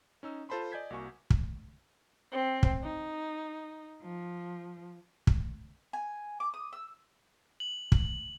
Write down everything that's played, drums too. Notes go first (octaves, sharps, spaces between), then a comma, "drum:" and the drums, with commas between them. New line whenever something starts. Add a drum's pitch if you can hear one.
C#4 D#4 E6
F4 A4 C5 A5 B5 C6
D5 D#5 G#5 G6 G#6 B6
C2 A#3 F#4 G#5 C#6
drum: kick
C4
drum: kick
D#4
F3
drum: kick
G#5
D6
D#6
E6
F#7
drum: kick